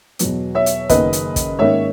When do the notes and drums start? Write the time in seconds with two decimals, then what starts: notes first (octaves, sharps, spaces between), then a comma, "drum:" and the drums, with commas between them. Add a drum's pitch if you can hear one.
0.19 E2 B2 F#3 B3, drum: hi-hat
0.55 C#5 E5
0.66 drum: hi-hat
0.89 F#1 F#2 D#3 A#3 B4 D#5, drum: kick, hi-hat
1.13 drum: hi-hat
1.36 drum: kick, hi-hat
1.59 G#2 D#3 A#3 C#4 C#5 E5